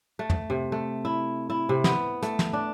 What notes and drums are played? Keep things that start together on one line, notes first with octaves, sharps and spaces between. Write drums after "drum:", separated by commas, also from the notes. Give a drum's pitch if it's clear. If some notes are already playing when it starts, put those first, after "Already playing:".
A3
drum: tom
C3
A3
E4
E4
C3
B3, drum: snare
A3, drum: hi-hat
drum: snare
D4